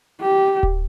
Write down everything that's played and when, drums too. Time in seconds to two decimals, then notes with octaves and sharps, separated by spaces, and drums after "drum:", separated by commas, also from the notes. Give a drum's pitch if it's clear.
0.21 G4
0.63 drum: kick D1